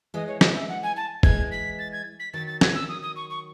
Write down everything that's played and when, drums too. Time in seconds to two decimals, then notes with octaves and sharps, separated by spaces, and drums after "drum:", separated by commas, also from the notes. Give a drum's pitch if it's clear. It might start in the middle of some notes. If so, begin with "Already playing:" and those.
0.14 E3 G#3 D#5
0.28 C#5
0.41 D#5, drum: snare
0.55 E5
0.69 F#5
0.83 G#5
0.97 A5
1.23 E3 G#3 G#6, drum: kick
1.51 B6
1.79 A6
1.93 G#6
2.20 B6
2.33 D#3 F#3 A6
2.47 A6
2.61 G#6, drum: snare
2.75 E6
2.89 D#6
3.02 D#6
3.16 C#6
3.30 C#6